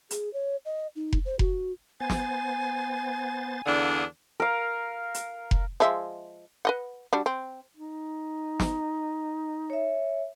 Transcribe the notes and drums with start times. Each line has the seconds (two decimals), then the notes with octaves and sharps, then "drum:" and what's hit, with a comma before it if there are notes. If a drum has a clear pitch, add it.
0.11 G#4, drum: hi-hat
0.33 C#5
0.65 D#5
0.96 D#4
1.13 drum: kick F1
1.25 C5
1.39 F#4, drum: kick F1
2.00 B3 C5 G#5 A6
2.10 drum: snare
3.66 E2 D3 D4 F5 G#5 D#6
4.40 A#4 F5
5.14 drum: hi-hat
5.51 drum: kick F1
5.80 F3 G#3 E5
6.65 B4 D#5 F#5
7.13 G3 D4 F#4
7.26 C4
7.77 D#4
8.60 drum: snare
9.70 C#5 E5